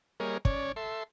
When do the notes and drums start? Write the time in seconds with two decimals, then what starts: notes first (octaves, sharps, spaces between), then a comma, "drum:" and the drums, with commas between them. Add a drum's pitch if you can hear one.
0.20 G3 A#3 G#4 A#4 C#5 D#5
0.45 C#4 C#5 D5, drum: kick
0.76 A4 E5 C6